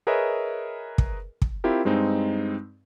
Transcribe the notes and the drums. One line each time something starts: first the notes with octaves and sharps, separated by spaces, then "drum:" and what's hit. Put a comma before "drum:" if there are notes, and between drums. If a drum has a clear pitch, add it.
G#4 A#4 B4 C#5 D#5 E5
drum: kick
drum: kick
C4 E4 F4 G4 A#4
G2 G#3 C4 D#4